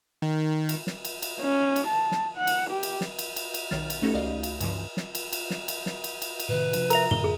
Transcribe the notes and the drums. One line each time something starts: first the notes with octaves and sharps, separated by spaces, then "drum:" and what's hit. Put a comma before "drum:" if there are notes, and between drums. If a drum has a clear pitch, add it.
D#3
drum: cymbal
drum: snare
drum: cymbal
drum: cymbal
C#4
drum: cymbal
A5
drum: snare
F#5
drum: cymbal
G4
drum: cymbal
drum: snare
drum: cymbal
drum: cymbal
drum: cymbal
B1 D#3 C#5 F6 A6, drum: snare
drum: cymbal
A3 C#4 D#4 F#4 G4 A4
C#2 D5 D#5 F5
drum: cymbal
G2 C#3 E3 F3, drum: cymbal
drum: snare
drum: cymbal
drum: cymbal
drum: snare
drum: cymbal
drum: snare
drum: cymbal
drum: cymbal
drum: cymbal
A2 C3 D#3 B4
C3 F3 D4, drum: cymbal
A#4 E5 A#5 F7, drum: cymbal
F#2 A2 D3 G7, drum: tom
G#4